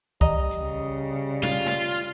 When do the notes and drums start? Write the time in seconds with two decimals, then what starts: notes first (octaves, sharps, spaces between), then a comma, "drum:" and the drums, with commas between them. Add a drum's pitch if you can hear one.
0.21 G3 D#5 A#5, drum: kick C2
0.51 drum: hi-hat
0.61 C#3
1.43 F4, drum: tom
1.66 drum: snare